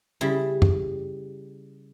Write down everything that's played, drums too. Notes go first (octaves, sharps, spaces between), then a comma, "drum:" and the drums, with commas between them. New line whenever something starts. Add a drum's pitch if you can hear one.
C#3 G3 E4
drum: tom F#2